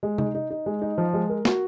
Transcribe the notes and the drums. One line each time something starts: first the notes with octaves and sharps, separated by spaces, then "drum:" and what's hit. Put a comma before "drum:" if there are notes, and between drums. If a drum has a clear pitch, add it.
G#3
D#4, drum: tom C3
D#4
D#4
G#3
D#4
F3
G#3
A#4
F#4, drum: snare